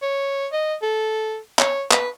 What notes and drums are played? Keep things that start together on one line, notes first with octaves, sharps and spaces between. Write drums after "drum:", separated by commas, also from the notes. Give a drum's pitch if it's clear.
C#5
D#5
A4
C#5, drum: clap
B4, drum: clap